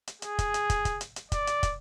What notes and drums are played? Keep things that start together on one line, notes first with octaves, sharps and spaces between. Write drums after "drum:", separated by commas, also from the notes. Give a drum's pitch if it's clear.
drum: hi-hat
G#4, drum: hi-hat
drum: kick, hi-hat
drum: hi-hat
drum: kick, hi-hat
drum: kick, hi-hat
drum: hi-hat
drum: hi-hat
D5, drum: kick, hi-hat
drum: hi-hat
drum: kick, hi-hat